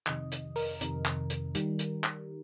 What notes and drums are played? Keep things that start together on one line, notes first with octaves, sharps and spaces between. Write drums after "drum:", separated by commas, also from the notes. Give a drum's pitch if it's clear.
F2 C3 D#3 D#5, drum: clap
drum: hi-hat
A#4, drum: open hi-hat
F2 C3 D#3, drum: hi-hat
drum: clap
drum: hi-hat
D#3 G3, drum: hi-hat
drum: hi-hat
drum: clap